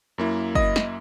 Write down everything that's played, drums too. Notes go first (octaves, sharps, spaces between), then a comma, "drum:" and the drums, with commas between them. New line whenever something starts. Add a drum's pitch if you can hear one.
F#2 A#3 E4
D#5, drum: kick F#1
drum: snare